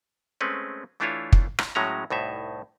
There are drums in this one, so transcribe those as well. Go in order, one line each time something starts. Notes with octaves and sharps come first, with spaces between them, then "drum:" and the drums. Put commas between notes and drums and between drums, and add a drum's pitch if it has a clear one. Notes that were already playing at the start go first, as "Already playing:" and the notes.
G#3 A3 C4 C#4 B4
E3 A3 D4 E4 F4 C#5
drum: kick
drum: rim click
A2 F#3 G#3 C#4 A#5
C2 A2 D#4 E5